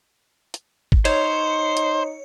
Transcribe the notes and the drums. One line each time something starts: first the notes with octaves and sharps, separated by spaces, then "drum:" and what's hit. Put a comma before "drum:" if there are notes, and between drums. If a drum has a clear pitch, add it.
drum: hi-hat
drum: kick
D#4 C5 C#5, drum: cymbal
drum: hi-hat